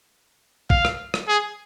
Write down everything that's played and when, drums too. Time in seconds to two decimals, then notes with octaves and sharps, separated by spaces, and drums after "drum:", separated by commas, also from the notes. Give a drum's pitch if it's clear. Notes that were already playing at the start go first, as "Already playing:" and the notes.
0.70 F5, drum: kick A#1
0.85 drum: rim click
1.14 drum: rim click
1.28 G#4